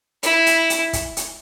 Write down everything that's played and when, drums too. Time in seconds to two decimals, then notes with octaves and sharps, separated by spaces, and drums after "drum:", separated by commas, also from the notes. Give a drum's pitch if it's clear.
0.23 E4, drum: hi-hat
0.46 drum: hi-hat
0.70 drum: hi-hat
0.93 drum: kick, hi-hat
1.17 drum: hi-hat